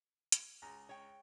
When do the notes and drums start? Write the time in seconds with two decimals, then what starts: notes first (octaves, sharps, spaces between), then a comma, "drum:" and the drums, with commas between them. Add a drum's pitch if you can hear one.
0.32 drum: hi-hat
0.62 C#2 G#3 A#5
0.89 C#5 G5